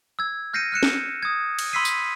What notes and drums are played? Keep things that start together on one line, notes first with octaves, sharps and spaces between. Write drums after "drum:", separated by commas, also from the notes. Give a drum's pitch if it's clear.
E6 G#6
F6 G6 A#6 C7 C#7 D#7
F6 F#6 C#7 E7
drum: snare
D#6 G#6
drum: cymbal
B5 C6 E6 B6 C7 D#7
drum: tambourine